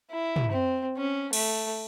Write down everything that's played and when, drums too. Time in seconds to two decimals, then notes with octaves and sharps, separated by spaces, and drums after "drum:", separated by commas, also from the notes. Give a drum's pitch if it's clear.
0.11 E4
0.36 drum: tom
0.52 C4
0.97 C#4
1.33 A3, drum: cymbal